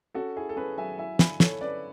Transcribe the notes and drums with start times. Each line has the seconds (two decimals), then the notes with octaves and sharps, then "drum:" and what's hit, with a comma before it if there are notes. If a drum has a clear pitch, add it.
0.14 C#4 F#4 A4
0.36 E4 G#4
0.49 A4
0.56 C#4 G#4 B4
0.78 F#3 E5 G#5
0.98 E4 E5 G#5
1.19 D3 G#5 B5, drum: snare
1.40 E4 A4 C#5, drum: snare
1.61 C#4 B4 D5